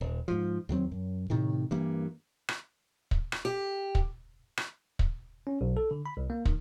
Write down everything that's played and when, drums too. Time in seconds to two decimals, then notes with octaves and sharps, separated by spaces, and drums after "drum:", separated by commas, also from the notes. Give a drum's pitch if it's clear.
0.01 D#1
0.28 G#2 F3
0.69 E2 D#3 F#3 C4
0.92 F#2
1.30 A2 C3 D#3
1.71 G2 E3 A#3
2.49 drum: rim click
3.11 drum: kick
3.32 drum: rim click
3.45 G4
3.95 drum: kick
4.57 drum: rim click
4.99 drum: kick
5.47 C#4
5.61 B1
5.77 A4
5.91 D3
6.06 B5
6.17 C2
6.30 A#3
6.45 D#3, drum: kick